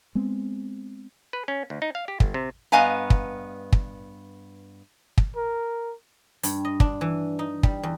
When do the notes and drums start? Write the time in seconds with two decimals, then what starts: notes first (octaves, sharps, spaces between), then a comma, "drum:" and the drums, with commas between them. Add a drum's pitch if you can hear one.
0.15 G#3 B3 C4
1.33 B4
1.48 C#4
1.70 D2
1.82 D#4
1.95 F5
2.08 G4
2.20 G1, drum: kick
2.34 C3
2.72 G2 B3 D#5 F5 G#5 A#5
3.10 drum: kick
3.73 drum: kick
5.18 drum: kick
5.37 A#4
6.43 G2, drum: hi-hat
6.65 D#5
6.80 D4, drum: kick
7.01 E3
7.39 D#4
7.63 G3, drum: kick
7.83 E2